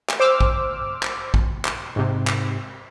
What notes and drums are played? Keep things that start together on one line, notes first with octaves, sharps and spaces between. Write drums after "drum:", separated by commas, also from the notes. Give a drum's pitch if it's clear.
drum: clap
C5 D6 E6 F6
drum: kick
drum: clap
drum: kick
drum: clap
G#2 C3
drum: clap